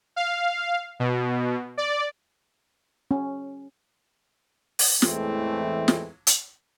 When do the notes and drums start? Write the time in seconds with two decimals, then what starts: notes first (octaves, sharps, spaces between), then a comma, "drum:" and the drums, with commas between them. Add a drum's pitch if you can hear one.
0.16 F5
1.00 B2
1.78 D5
3.11 C#4
4.79 drum: open hi-hat
5.02 E2 A2 E3 G#3 A3 C4, drum: snare
5.88 drum: snare
6.27 drum: hi-hat